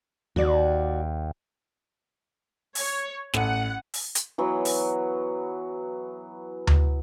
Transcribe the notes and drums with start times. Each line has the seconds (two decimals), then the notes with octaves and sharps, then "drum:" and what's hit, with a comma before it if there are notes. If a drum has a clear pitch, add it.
0.36 D#2 F#4 D5
2.75 C#5, drum: open hi-hat
3.34 A1 A4 F#5 D#7, drum: snare
3.94 drum: open hi-hat
4.15 drum: hi-hat
4.38 E3 F#3 B3
4.65 drum: open hi-hat
6.67 drum: tom D2